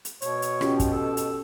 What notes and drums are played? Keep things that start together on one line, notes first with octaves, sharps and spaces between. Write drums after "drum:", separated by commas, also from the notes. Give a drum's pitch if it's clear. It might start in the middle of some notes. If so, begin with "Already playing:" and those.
drum: hi-hat
B2 C#5, drum: hi-hat
drum: hi-hat
C#4 F4 G4, drum: rim click
drum: kick, hi-hat
A4
drum: hi-hat